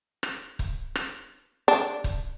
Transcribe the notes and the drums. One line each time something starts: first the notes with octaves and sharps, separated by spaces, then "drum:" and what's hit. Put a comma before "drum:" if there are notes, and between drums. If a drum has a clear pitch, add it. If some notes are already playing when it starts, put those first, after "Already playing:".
drum: rim click
drum: kick, hi-hat
drum: rim click
D4
drum: kick, hi-hat